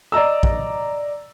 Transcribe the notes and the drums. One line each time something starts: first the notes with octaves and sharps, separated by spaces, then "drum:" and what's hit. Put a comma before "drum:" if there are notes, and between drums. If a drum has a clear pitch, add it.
D5 D#5 A#5 E6
drum: kick